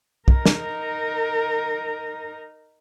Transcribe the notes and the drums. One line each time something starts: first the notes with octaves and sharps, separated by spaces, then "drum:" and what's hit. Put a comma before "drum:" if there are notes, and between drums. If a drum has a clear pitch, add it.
D#4 A#4, drum: kick
drum: snare